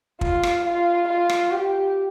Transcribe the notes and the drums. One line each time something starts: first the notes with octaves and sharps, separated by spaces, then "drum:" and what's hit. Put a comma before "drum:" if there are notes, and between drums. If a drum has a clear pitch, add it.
F4, drum: kick
drum: rim click
F4
F4
drum: rim click
G4